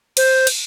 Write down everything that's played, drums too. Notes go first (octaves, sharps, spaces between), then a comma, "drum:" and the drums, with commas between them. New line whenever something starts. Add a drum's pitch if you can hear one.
C5, drum: cymbal
drum: cymbal